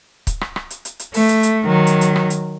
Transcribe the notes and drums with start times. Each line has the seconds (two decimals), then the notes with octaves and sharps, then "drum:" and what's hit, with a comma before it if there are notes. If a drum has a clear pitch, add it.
0.27 drum: kick, hi-hat
0.41 drum: rim click
0.56 drum: rim click
0.70 drum: hi-hat
0.85 drum: hi-hat
0.99 drum: hi-hat
1.14 A3, drum: open hi-hat
1.29 drum: hi-hat
1.43 drum: hi-hat
1.65 D#3 F#3
1.87 drum: hi-hat
2.01 drum: hi-hat
2.16 drum: rim click
2.30 drum: hi-hat